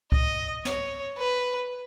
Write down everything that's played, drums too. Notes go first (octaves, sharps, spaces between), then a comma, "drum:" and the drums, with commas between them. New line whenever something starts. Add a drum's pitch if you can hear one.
D#5, drum: kick C#2
C#5, drum: snare
B4